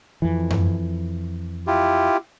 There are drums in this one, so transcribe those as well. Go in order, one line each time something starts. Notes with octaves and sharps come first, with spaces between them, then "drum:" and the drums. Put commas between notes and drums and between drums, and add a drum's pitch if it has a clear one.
F2 E3
drum: tom F#2
E4 F4 G4